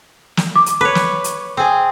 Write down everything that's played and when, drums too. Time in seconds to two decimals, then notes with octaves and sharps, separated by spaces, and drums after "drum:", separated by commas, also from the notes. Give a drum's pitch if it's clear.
0.37 drum: snare
0.56 D6
0.66 drum: hi-hat
0.81 B4 C#5
0.95 drum: snare
1.24 drum: hi-hat
1.57 C4 G#4